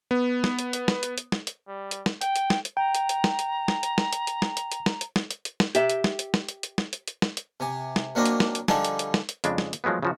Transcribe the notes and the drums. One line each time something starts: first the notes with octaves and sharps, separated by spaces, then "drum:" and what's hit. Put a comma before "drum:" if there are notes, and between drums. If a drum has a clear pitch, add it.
B3
drum: snare
drum: hi-hat
drum: hi-hat
drum: snare
drum: hi-hat
drum: hi-hat
drum: snare
drum: hi-hat
G3
drum: hi-hat
drum: snare
G5, drum: hi-hat
drum: hi-hat
drum: snare
drum: hi-hat
G5 A#5
drum: hi-hat
drum: hi-hat
drum: snare
drum: hi-hat
drum: snare
drum: hi-hat
drum: snare
drum: hi-hat
drum: hi-hat
drum: snare
drum: hi-hat
drum: hi-hat
drum: snare
drum: hi-hat
drum: snare
drum: hi-hat
drum: hi-hat
drum: snare
G4 E5, drum: hi-hat
drum: hi-hat
drum: snare
drum: hi-hat
drum: snare
drum: hi-hat
drum: hi-hat
drum: snare
drum: hi-hat
drum: hi-hat
drum: snare
drum: hi-hat
C3 G#5
drum: snare
A#2 F#3 A#3 C4 D4 D#5
drum: hi-hat
drum: snare
drum: hi-hat
D3 F3 G3 D#4 G#4 A5, drum: snare
drum: hi-hat
drum: hi-hat
drum: snare
drum: hi-hat
F2 C#3 G#3 D4, drum: hi-hat
drum: snare
drum: hi-hat
F3 F#3 G#3 A3 B3
C#3 F3 F#4